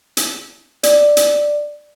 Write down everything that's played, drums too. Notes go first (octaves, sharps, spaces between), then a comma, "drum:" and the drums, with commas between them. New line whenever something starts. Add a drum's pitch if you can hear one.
drum: hi-hat
D5, drum: hi-hat
drum: hi-hat